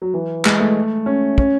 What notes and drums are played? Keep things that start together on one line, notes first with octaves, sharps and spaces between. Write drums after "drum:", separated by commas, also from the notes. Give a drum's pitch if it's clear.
F#3
E3
G#3, drum: clap
A3
C#4
C#4, drum: kick